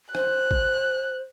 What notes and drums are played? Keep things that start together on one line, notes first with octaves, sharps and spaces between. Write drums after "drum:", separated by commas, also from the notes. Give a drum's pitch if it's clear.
C5 F#6, drum: rim click
drum: kick A1